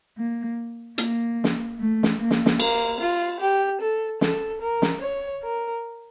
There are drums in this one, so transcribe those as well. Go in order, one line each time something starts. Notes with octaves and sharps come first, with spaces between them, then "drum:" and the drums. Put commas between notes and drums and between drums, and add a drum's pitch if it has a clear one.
A#3
A#3, drum: hi-hat
drum: snare
A3
drum: snare
A#3
drum: snare
drum: snare
A#3, drum: cymbal
F4
G4
A4
A4, drum: snare
A#4
drum: snare
C#5
A#4